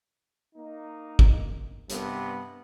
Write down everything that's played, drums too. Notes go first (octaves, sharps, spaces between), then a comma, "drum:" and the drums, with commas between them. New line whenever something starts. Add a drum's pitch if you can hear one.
A#3 D#4
drum: kick
G2 C3 B3, drum: hi-hat